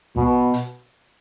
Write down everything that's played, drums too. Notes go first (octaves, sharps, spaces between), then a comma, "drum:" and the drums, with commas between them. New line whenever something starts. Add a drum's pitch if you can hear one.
B2, drum: kick
drum: hi-hat